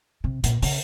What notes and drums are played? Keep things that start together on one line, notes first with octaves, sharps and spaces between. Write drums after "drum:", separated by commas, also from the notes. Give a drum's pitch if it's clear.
C3
A#2, drum: hi-hat
C#3, drum: open hi-hat